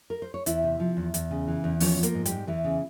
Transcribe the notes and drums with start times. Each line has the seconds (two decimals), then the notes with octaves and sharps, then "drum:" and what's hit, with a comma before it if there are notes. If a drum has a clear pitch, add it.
0.10 A#4
0.22 C5
0.34 C#5
0.46 E2 E4 E5, drum: hi-hat
0.64 C3
0.80 F3
0.97 E2
1.14 E2, drum: hi-hat
1.31 C#3
1.47 E3
1.64 E2
1.80 F3 C#4 C#5, drum: open hi-hat
1.98 F3
2.03 A#3 A#4, drum: hi-hat
2.15 G#2
2.25 G3 G4, drum: hi-hat
2.31 G#2
2.47 E2 E3 E4
2.64 C#3